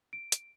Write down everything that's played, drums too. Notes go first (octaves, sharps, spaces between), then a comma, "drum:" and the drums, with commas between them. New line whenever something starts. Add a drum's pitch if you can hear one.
D7
drum: hi-hat